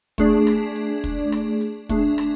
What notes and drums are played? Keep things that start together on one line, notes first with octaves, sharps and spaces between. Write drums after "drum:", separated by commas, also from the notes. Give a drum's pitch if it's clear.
A3 D4 G#4 D5, drum: kick, hi-hat
drum: rim click
drum: hi-hat
drum: kick, hi-hat
drum: rim click
drum: hi-hat
A3 D4 G#4, drum: kick, hi-hat
drum: rim click